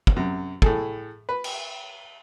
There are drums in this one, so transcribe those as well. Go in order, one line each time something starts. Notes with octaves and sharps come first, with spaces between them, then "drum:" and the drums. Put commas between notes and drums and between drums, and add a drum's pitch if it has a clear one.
drum: kick
F#2 C3
A2 G#4 A4, drum: kick
B4
drum: cymbal